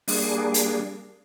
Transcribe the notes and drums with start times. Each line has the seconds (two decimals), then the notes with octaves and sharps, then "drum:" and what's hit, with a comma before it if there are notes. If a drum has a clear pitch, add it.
0.08 G3 A#3 D4 G#4, drum: open hi-hat
0.54 drum: hi-hat